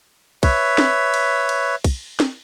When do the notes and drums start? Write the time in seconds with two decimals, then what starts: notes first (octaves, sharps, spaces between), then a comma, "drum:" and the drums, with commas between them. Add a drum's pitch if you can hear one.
0.43 B4 C#5 E5, drum: kick, cymbal
0.78 drum: snare
1.14 drum: cymbal
1.49 drum: cymbal
1.84 drum: kick, cymbal
2.20 drum: snare